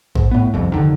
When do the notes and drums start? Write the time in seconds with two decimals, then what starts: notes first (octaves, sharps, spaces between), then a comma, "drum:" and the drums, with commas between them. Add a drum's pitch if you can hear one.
0.15 G#2, drum: kick A1
0.31 A2 B3
0.54 G1 C2 F2
0.72 F1 D#2 D3 D#3